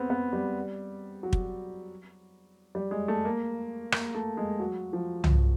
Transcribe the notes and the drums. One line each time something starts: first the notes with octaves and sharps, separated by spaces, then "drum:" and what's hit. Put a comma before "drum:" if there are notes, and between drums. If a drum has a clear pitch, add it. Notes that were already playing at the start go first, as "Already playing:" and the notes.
Already playing: B3 C4
B3
G3
F#3
drum: kick
G3
G#3
A3
A#3
A#3, drum: rim click
A3
G#3
F#3
F3
drum: tom